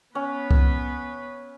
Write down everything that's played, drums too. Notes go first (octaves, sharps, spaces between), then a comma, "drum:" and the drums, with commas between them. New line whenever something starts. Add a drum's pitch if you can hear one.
B3 C#4 B4
drum: kick C2